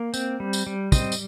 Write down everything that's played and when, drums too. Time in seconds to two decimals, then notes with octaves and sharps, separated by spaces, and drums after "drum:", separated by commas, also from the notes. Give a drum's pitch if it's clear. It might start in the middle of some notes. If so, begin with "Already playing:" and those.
Already playing: A#3
0.14 C4, drum: tambourine
0.40 G3
0.53 drum: tambourine
0.67 G3
0.92 C4 D#5, drum: kick, tambourine
1.12 drum: tambourine